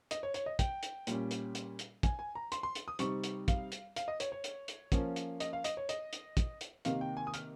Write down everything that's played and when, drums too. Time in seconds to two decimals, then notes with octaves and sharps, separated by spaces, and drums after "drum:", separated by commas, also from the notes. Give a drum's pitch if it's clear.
0.11 D#5, drum: hi-hat
0.23 C#5
0.34 C#5, drum: hi-hat
0.46 D#5
0.59 G5, drum: kick, hi-hat
0.83 drum: hi-hat
1.07 A#2 G3 C#4, drum: hi-hat
1.31 drum: hi-hat
1.55 drum: hi-hat
1.79 drum: hi-hat
2.03 G#5, drum: kick, hi-hat
2.19 G#5
2.35 A#5
2.52 C6, drum: hi-hat
2.63 C6
2.75 drum: hi-hat
2.88 D#6
2.99 C3 G3 C4 D#4 C#6, drum: hi-hat
3.24 drum: hi-hat
3.48 F5, drum: kick, hi-hat
3.72 drum: hi-hat
3.96 F5, drum: hi-hat
4.08 D#5
4.20 C#5, drum: hi-hat
4.32 C#5
4.44 drum: hi-hat
4.68 drum: hi-hat
4.92 F3 A#3 C#4, drum: kick, hi-hat
5.16 drum: hi-hat
5.40 D#5, drum: hi-hat
5.53 F5
5.64 D#5, drum: hi-hat
5.77 C#5
5.89 D#5, drum: hi-hat
6.13 drum: hi-hat
6.37 drum: kick, hi-hat
6.61 drum: hi-hat
6.85 C3 D#3 A#3 F5, drum: hi-hat
7.01 G5
7.17 G#5
7.27 D#6
7.34 F6, drum: hi-hat